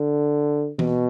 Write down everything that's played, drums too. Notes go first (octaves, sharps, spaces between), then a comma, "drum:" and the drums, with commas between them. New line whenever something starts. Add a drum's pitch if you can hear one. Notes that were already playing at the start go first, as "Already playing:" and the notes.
Already playing: D3
B2, drum: tom E3